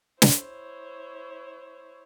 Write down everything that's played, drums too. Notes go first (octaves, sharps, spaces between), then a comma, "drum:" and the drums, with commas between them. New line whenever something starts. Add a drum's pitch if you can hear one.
E4 C5 C#5, drum: snare